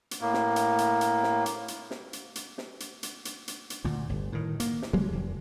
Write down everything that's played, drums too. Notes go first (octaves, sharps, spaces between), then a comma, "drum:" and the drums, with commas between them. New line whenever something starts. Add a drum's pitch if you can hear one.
drum: hi-hat
A2 A#3
drum: snare
drum: hi-hat
drum: hi-hat
drum: hi-hat
drum: snare
drum: hi-hat
drum: hi-hat
drum: snare
drum: hi-hat
drum: hi-hat
drum: snare
drum: hi-hat
drum: hi-hat
drum: hi-hat
drum: hi-hat
drum: hi-hat
D2 A#2
G1
A2 D#3
A#3, drum: hi-hat
drum: snare
D1 F#3 G#3 A#3
F1